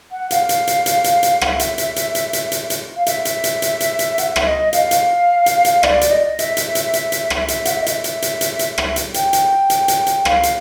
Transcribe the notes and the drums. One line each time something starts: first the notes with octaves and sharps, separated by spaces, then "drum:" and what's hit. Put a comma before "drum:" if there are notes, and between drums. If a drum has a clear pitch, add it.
F#5
F5, drum: hi-hat
drum: hi-hat
drum: hi-hat
drum: hi-hat
drum: hi-hat
drum: hi-hat
F#5, drum: rim click
E5
drum: hi-hat
drum: hi-hat
drum: hi-hat
drum: hi-hat
drum: hi-hat
drum: hi-hat
drum: hi-hat
F5
E5, drum: hi-hat
drum: hi-hat
drum: hi-hat
drum: hi-hat
drum: hi-hat
drum: hi-hat
F#5, drum: hi-hat
E5
drum: rim click
D#5
F5, drum: hi-hat
drum: hi-hat
drum: hi-hat
drum: hi-hat
D5, drum: rim click
drum: hi-hat
D#5
E5, drum: hi-hat
drum: hi-hat
drum: hi-hat
drum: hi-hat
drum: hi-hat
drum: rim click
E5, drum: hi-hat
F#5, drum: hi-hat
E5
D#5
E5, drum: hi-hat
drum: hi-hat
drum: hi-hat
drum: hi-hat
drum: hi-hat
drum: rim click
drum: hi-hat
G5, drum: hi-hat
drum: hi-hat
drum: hi-hat
drum: hi-hat
drum: hi-hat
F5, drum: rim click
drum: hi-hat